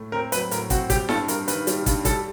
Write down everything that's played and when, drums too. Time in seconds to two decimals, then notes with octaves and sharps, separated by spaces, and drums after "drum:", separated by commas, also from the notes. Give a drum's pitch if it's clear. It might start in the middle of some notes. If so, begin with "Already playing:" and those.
Already playing: A2 A3
0.12 C4 A#4
0.32 F#3 B4, drum: hi-hat
0.51 A2 A#4, drum: hi-hat
0.70 C4 F#4, drum: kick, hi-hat
0.90 G3 G4, drum: kick, hi-hat
1.09 G2 A4, drum: snare E4
1.28 G2 A#4, drum: hi-hat
1.48 D#3 B4, drum: hi-hat
1.67 G3, drum: hi-hat
1.86 G2, drum: kick, hi-hat
2.05 G3 A4, drum: kick, hi-hat